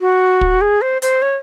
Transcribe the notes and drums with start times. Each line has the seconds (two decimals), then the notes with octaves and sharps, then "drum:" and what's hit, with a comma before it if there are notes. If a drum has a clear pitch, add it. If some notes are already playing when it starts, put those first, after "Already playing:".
0.01 F#4
0.41 drum: kick
0.61 G#4
0.82 C5
1.02 C5, drum: hi-hat
1.22 C#5